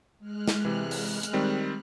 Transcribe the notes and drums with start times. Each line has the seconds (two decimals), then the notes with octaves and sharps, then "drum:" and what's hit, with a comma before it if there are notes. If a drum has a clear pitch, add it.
0.19 G#3 F6 F#6
0.48 drum: snare
0.65 C3 E3
0.91 drum: open hi-hat
1.23 drum: hi-hat
1.33 D#3 G3 C4